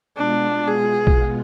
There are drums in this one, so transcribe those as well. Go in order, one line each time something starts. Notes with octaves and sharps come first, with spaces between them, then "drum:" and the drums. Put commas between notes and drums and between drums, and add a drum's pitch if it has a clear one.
B2 G#3 B3 D4 F4
G#4
drum: kick A#1